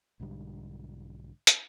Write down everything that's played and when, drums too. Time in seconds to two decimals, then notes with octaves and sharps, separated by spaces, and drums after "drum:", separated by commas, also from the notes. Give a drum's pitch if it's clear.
0.20 B1 G#2 D3 G3
1.47 drum: hi-hat